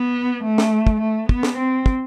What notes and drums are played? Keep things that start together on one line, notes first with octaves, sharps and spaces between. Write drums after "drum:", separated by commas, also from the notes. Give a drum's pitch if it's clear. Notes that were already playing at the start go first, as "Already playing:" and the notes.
Already playing: B3
A3
drum: snare
drum: kick
A3
B3, drum: kick
drum: snare
C4
drum: kick